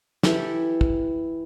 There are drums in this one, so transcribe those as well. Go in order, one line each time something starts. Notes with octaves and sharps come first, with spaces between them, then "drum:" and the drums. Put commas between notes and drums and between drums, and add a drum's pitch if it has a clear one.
E3 E4 G4 A4, drum: snare
drum: kick